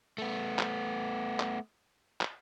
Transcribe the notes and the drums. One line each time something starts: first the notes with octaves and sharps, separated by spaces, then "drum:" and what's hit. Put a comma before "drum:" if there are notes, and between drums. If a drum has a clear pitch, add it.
A3 B3
drum: clap
drum: clap
drum: clap